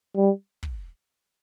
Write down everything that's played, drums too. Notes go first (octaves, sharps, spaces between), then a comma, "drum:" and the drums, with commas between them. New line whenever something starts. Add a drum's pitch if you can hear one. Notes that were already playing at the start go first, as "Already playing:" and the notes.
G3
drum: kick